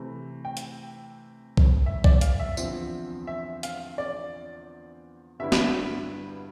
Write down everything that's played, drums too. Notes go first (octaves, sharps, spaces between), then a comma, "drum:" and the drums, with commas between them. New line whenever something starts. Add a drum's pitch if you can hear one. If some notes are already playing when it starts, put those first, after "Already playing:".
Already playing: C3 E3 A3
G5
drum: hi-hat
drum: kick B1
E5
D5, drum: kick B1
F5, drum: hi-hat
E5
E2 D3 F3 C4, drum: tambourine
E5
F5, drum: hi-hat
D5
G2 D3 G3 B3 E4 E5
drum: snare